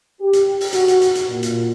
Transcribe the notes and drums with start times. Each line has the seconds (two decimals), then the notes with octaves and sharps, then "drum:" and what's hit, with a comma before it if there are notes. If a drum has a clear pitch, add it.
0.21 G4
0.33 drum: hi-hat
0.61 drum: open hi-hat
0.73 F#4, drum: hi-hat
0.88 drum: hi-hat
1.02 drum: hi-hat
1.15 drum: hi-hat
1.29 A#2
1.43 drum: hi-hat